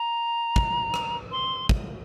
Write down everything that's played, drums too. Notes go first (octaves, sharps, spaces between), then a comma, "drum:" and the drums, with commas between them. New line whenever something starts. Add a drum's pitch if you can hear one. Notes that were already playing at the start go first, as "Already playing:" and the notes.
Already playing: A#5
drum: kick
drum: rim click
C6
drum: kick